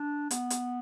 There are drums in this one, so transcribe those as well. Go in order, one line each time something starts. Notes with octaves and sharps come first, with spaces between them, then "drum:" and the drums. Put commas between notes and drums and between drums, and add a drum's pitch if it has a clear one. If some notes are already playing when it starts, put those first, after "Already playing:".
Already playing: D4
B3, drum: hi-hat
drum: hi-hat